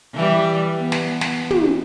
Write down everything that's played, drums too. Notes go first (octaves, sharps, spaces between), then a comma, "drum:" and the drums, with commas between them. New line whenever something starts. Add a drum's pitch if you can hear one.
E3 G3
B3
drum: snare
drum: snare
drum: tom